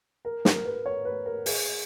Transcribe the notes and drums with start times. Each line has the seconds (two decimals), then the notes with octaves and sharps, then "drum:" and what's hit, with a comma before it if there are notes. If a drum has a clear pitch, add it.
0.25 A#4
0.45 A#4, drum: snare
0.65 B4
0.86 C#5
1.05 B4
1.26 A#4
1.46 G#4, drum: open hi-hat